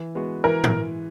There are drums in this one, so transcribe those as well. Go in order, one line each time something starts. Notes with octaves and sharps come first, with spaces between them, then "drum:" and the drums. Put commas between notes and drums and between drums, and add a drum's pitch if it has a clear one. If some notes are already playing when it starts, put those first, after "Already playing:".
Already playing: E3
G#3 B3 F#4
E3 A#4
drum: tom G#2